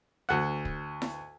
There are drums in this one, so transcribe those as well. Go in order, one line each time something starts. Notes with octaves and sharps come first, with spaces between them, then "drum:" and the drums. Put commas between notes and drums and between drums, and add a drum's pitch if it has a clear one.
D2 F#5
drum: kick
drum: snare E4